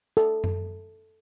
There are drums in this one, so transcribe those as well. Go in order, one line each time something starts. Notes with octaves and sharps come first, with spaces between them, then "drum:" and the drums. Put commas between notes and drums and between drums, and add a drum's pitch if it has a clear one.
A4
drum: tom F#2